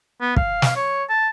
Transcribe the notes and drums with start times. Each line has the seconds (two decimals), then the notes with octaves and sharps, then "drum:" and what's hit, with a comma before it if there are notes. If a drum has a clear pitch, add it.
0.21 B3
0.36 F5, drum: kick
0.62 drum: snare
0.76 C#5
1.09 A5